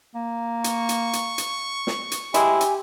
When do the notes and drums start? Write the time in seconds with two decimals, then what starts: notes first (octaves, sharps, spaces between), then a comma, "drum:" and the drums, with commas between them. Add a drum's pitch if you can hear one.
0.15 A#3
0.64 C#6, drum: hi-hat
0.89 drum: hi-hat
1.13 drum: hi-hat
1.38 drum: hi-hat
1.87 drum: snare
2.11 drum: hi-hat
2.34 F#3 G#3 E4 G4 G#5, drum: hi-hat
2.61 drum: hi-hat